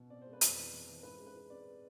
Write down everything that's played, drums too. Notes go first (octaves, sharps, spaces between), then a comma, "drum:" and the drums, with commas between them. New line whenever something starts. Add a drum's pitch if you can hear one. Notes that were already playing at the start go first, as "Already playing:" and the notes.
Already playing: B2
C4 D5
G#3 C5
B4
F2, drum: hi-hat
E3
E3
E3
G#2 B4
G#3
B4
G#3
C4 D5